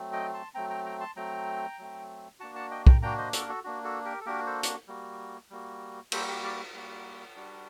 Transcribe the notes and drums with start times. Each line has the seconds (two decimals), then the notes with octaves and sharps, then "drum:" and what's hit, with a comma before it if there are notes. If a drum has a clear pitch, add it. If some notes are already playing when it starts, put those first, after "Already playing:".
Already playing: F#3 A3 C4
0.13 D#5 G5
0.33 A5 C6
0.54 F#3 A3 C4 G5 A#5
0.70 G5 A#5
0.85 G5 A#5
1.00 A5 C6
1.16 F#3 A3 C4 G5 A#5
1.79 F#3 A3 C4
2.40 A#3 D4 F#4 F#5 A5
2.55 F#5 A5
2.71 D#5 G5
2.87 G5 A#5, drum: kick B1
3.02 A#3 D4 F#4 G5 A#5
3.18 C5 D#5
3.33 F#4 A4, drum: hi-hat
3.41 A#4
3.49 F#4 A4
3.64 A#3 D4 F#4
3.84 F#4 A4
4.05 G4 A#4
4.21 A4
4.26 A#3 D4 F#4 G4 A#4
4.46 A4 C5
4.63 drum: hi-hat
4.88 G3 A#3 F#4
5.50 G3 A#3 F#4
6.12 G3 A#3 F#4 A4 C5, drum: cymbal
6.27 G4 A#4
6.43 A#4 D5
6.74 G3 A#3 F#4
7.36 G3 D4 F#4